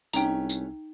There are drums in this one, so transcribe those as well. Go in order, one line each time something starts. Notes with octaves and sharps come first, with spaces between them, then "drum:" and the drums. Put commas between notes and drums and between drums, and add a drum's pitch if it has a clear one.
C2 G#3 A3 C#4 D#4 G5 A#5, drum: tambourine
drum: tambourine